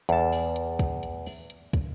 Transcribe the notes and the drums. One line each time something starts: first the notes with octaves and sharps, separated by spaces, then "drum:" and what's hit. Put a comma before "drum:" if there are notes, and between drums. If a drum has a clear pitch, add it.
E2 A5, drum: hi-hat
drum: open hi-hat
drum: hi-hat
drum: kick, hi-hat
drum: hi-hat
drum: open hi-hat
drum: hi-hat
drum: kick, hi-hat